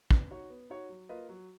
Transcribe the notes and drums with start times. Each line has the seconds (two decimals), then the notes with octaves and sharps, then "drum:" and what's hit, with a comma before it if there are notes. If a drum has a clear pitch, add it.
0.11 B3, drum: kick
0.31 D#4 F#4 C#5
0.50 B3
0.70 D#4 F#4 C#5
0.89 F#3
1.09 A#3 F4 B4 D#5
1.29 F#3